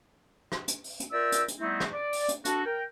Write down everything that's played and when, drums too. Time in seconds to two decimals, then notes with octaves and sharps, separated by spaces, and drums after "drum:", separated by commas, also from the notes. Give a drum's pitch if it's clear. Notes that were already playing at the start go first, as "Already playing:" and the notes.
0.52 drum: rim click
0.68 drum: hi-hat
0.84 drum: open hi-hat
1.00 drum: hi-hat
1.12 F4 A#4 D5 E5 G5 E6
1.32 drum: hi-hat
1.48 drum: hi-hat
1.60 G3 A3 B3 C4 D#4 E4
1.80 drum: rim click
1.93 D5
2.13 drum: open hi-hat
2.29 drum: hi-hat
2.45 D4 F#4 A4, drum: hi-hat
2.66 A#4 G5